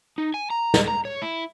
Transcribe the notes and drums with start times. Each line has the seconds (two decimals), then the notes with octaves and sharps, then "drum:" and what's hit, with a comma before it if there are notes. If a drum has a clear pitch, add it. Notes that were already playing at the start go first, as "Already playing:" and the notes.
0.18 D#4
0.34 G#5
0.50 A#5
0.74 drum: snare
0.88 A#5
1.05 C#5
1.22 E4